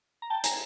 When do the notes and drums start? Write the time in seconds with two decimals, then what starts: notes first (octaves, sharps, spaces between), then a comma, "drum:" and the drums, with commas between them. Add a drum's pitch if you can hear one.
0.22 A#5
0.30 G5 A5
0.44 G#5 A#5, drum: hi-hat